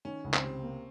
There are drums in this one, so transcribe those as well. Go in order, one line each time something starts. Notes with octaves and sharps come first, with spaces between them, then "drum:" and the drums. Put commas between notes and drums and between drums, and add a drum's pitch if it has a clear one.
D#3 C#4
C#2
C4, drum: clap
C3
A#3